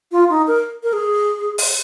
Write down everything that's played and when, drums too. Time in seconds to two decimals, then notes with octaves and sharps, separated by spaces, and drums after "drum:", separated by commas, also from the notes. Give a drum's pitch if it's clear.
0.12 F4
0.30 D#4
0.47 A#4
0.83 A#4
0.93 G#4
1.58 drum: open hi-hat